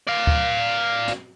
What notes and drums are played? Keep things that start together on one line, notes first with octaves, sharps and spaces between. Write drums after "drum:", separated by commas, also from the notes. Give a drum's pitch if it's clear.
D5 F5
drum: kick D2
drum: snare